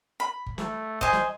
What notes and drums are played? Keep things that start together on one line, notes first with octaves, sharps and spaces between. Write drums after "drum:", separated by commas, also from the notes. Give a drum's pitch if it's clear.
B5
drum: kick G1
A3, drum: snare
C5 D#5 G#5, drum: kick G1
drum: snare